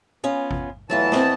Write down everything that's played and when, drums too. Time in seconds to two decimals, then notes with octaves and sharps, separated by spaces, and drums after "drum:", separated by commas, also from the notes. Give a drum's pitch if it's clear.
0.23 B3 C#4 F4
0.51 drum: kick
0.90 E2 E3 F#3 A3 F4 A5
1.12 C4 D#5, drum: snare